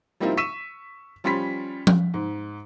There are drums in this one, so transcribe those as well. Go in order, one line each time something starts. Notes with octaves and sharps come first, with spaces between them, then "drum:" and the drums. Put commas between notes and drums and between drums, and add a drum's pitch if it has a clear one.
F3 G3 A#3 C4 D#4 E4
C#6 E6 B6 D#7 E7
F3 G3 C#4 B5 C6 B6
drum: tom F3
G#2